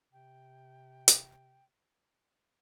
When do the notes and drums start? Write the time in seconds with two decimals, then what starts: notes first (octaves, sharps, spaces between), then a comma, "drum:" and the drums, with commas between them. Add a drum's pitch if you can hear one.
0.13 C3 G5
1.08 drum: hi-hat